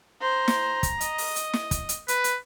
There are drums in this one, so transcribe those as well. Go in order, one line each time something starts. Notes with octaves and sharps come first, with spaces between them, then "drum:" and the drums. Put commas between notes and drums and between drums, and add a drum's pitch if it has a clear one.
C5 A#5
drum: snare
drum: kick, hi-hat
D#5, drum: hi-hat
drum: open hi-hat
drum: hi-hat
drum: snare
drum: kick, hi-hat
drum: hi-hat
B4, drum: hi-hat
drum: hi-hat